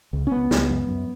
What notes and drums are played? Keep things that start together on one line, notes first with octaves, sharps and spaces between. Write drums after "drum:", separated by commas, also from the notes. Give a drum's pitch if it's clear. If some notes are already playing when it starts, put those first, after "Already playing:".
C#2
C#4
C#2 B3
C#2, drum: snare
F#2
F#2